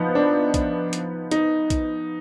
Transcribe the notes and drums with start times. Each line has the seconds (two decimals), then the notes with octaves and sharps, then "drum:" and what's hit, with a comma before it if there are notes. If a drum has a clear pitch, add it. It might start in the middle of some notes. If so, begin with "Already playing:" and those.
Already playing: F3 B3 D#4
0.15 D4
0.54 drum: kick A#1, hi-hat
0.93 drum: hi-hat
1.31 D#4, drum: hi-hat
1.70 drum: kick A#1, hi-hat